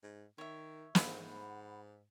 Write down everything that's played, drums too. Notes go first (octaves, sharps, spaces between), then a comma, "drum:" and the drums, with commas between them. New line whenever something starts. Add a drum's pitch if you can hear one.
G#2
D#3 C#5 E5
G#2 D3 F3 G#3 F#5 B5, drum: snare